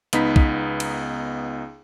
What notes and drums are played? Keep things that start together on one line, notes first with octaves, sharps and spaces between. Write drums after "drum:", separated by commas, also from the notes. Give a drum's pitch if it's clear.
C#2 B3 D#4 B5 B6, drum: hi-hat
drum: kick
drum: cymbal